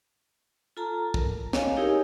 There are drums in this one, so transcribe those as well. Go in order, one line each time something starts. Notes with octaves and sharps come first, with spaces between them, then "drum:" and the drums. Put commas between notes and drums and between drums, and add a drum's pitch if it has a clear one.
F4 A4 A5 A#5
A#4, drum: kick
C#5 D#5 F5 G#5, drum: snare
D#4 E4 G4 G#4 A#4 C#5